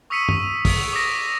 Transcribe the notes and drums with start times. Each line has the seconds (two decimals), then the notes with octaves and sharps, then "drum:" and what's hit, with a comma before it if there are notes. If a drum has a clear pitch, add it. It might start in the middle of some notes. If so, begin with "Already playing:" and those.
0.10 C#6 D#6 E6 B6 C#7 D#7
0.29 drum: tom
0.65 drum: kick, open hi-hat
0.79 F7
0.93 D6 D#6 A#6